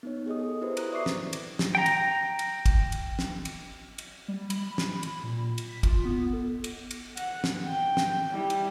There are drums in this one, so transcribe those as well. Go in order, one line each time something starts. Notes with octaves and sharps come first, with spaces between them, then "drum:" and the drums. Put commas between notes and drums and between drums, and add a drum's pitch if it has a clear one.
B3 D#4 C#5
G4 G#4 D#5 D#6
A4
E4 F#4 G4 B4 C5
B4 A#5 D#6 F#6, drum: cymbal
D5 E5 C#6 D6 C7
drum: snare
drum: cymbal
drum: snare
G5 A#5
drum: cymbal
drum: cymbal
drum: kick, cymbal
drum: cymbal
drum: snare
drum: cymbal
drum: cymbal
G3
B5, drum: cymbal
drum: snare
B5, drum: cymbal
A#2
drum: cymbal
B6
F4, drum: kick, cymbal
B3
A4
drum: cymbal
drum: cymbal
F#5, drum: cymbal
drum: snare
G5
drum: snare
G3 E4
drum: cymbal